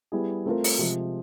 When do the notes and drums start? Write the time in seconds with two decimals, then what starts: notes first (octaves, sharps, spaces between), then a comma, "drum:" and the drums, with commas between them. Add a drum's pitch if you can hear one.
0.12 G3 B3 E4 G#4
0.46 A3 C4 F4 A#4
0.64 drum: open hi-hat
0.79 C3 F3 G#3